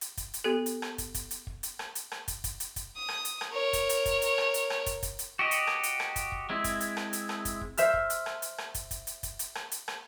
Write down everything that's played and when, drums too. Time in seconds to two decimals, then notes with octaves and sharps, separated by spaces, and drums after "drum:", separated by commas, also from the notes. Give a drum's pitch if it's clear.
0.01 drum: hi-hat
0.17 drum: kick, hi-hat
0.34 drum: hi-hat
0.44 B3 G4 A4
0.66 drum: hi-hat
0.82 drum: rim click
0.98 drum: kick, hi-hat
1.14 drum: kick, hi-hat
1.31 drum: hi-hat
1.47 drum: kick
1.63 drum: hi-hat
1.79 drum: rim click
1.95 drum: hi-hat
2.11 drum: rim click
2.28 drum: kick, hi-hat
2.44 drum: kick, hi-hat
2.60 drum: hi-hat
2.76 drum: kick, hi-hat
2.96 D#6
3.09 drum: rim click
3.25 drum: hi-hat
3.41 drum: rim click
3.52 A#4 C#5
3.73 drum: kick, hi-hat
3.89 drum: hi-hat
4.06 drum: kick, hi-hat
4.22 drum: hi-hat
4.38 drum: rim click
4.54 drum: hi-hat
4.70 drum: rim click
4.86 drum: kick, hi-hat
5.03 drum: kick, hi-hat
5.19 drum: hi-hat
5.39 F#4 G4 D#5
5.51 drum: hi-hat
5.67 drum: rim click
5.83 drum: hi-hat
6.00 drum: rim click
6.16 drum: kick, hi-hat
6.32 drum: kick
6.50 G#3 C4 E4
6.64 drum: kick, hi-hat
6.80 drum: hi-hat
6.97 drum: rim click
7.13 drum: hi-hat
7.29 drum: rim click
7.45 drum: kick, hi-hat
7.61 drum: kick
7.77 C5 E5 E6 F6, drum: hi-hat
7.94 drum: kick
8.10 drum: hi-hat
8.26 drum: rim click
8.42 drum: hi-hat
8.58 drum: rim click
8.75 drum: kick, hi-hat
8.91 drum: kick, hi-hat
9.07 drum: hi-hat
9.23 drum: kick, hi-hat
9.39 drum: hi-hat
9.55 drum: rim click
9.72 drum: hi-hat
9.88 drum: rim click